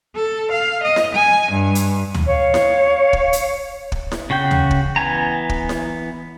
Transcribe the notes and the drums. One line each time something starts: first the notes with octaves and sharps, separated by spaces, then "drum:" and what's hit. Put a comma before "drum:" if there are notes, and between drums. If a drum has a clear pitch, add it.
A4
F5
D#5
drum: snare E4
G#5
G2
drum: hi-hat
drum: tom D2
C#5 F5
drum: snare E4
drum: kick
drum: hi-hat
drum: kick
drum: snare E4
C#3 F#4 G5 G6
drum: tom D2
drum: kick
E3 B3 G#5 A#5
drum: kick
drum: snare E4